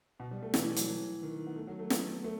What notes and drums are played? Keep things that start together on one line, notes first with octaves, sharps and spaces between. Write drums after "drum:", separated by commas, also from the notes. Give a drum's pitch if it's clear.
B2
G3
A3
E3, drum: snare
F#3, drum: hi-hat
E3
D#3
B3
A3
F#3
A3
B3, drum: snare
A3